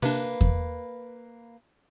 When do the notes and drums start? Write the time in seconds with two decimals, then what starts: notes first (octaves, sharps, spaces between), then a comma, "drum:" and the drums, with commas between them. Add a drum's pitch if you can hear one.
0.02 C3 A#3 D4 B4
0.41 drum: kick E2